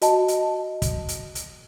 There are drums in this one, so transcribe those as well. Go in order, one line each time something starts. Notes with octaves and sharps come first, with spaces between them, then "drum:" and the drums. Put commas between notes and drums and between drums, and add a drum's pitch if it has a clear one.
F#4 D#5 A5, drum: hi-hat
drum: hi-hat
drum: kick, hi-hat
drum: hi-hat
drum: hi-hat